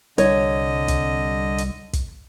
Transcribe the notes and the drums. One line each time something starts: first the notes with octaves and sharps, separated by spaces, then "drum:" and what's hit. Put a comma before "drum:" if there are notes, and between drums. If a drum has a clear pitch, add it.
C2 D3 C#5 D#5, drum: hi-hat
drum: kick, hi-hat
drum: hi-hat
drum: kick, hi-hat